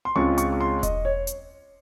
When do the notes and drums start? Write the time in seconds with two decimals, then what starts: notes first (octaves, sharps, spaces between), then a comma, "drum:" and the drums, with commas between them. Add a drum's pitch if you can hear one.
0.05 C6
0.16 C#2 C#3 G#3 C4 F4 C#6
0.38 C#6, drum: hi-hat
0.53 C#6
0.61 C6
0.83 D#5, drum: kick E1, hi-hat
1.05 C#5
1.27 drum: hi-hat